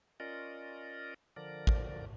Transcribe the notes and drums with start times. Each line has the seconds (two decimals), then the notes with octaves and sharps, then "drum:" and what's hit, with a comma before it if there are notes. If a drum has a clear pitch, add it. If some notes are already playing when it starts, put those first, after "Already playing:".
0.20 C#4 F4 A#4 D5 D#5
1.36 D3 F3 A#4 D5
1.67 drum: kick A1